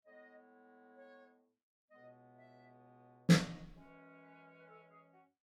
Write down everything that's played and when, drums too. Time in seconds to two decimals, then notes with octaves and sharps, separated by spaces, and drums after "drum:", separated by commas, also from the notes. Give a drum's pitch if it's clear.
0.05 A2 G#3 B3 D#5
0.98 C#5
1.90 C#2 B2 G#3 B3 D#5
2.37 E5
3.29 D#5, drum: snare
3.74 F#2 E3 G#3 C#4
4.21 B4
4.60 B4
4.67 A4
4.90 G#4
5.13 F#4